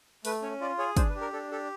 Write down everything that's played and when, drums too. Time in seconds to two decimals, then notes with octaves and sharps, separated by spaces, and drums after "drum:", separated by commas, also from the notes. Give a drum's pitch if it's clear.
0.25 A3 B4, drum: open hi-hat
0.42 C#4 C#5
0.61 F4 D5
0.79 G#4 C#5
0.97 D4 C5, drum: kick, hi-hat
1.10 B4
1.15 G4
1.21 A#4
1.33 D4 A4
1.51 G4 A4